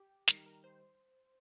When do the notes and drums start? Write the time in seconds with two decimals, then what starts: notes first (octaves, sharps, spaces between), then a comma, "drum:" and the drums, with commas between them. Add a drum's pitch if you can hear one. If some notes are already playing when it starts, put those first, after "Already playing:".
Already playing: G4
0.28 D#3 G3 D#4 A#4, drum: snare
0.46 A#4
0.64 C5